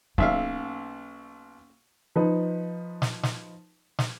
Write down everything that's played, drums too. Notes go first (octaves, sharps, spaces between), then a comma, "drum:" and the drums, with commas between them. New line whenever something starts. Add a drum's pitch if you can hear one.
B1 A#3 C#4 E5 F5, drum: kick
F3 D#4 B4
drum: snare
drum: snare
drum: snare